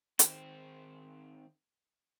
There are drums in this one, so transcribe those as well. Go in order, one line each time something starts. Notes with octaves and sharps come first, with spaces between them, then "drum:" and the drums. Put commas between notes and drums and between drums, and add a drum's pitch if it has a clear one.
D#3 C4, drum: hi-hat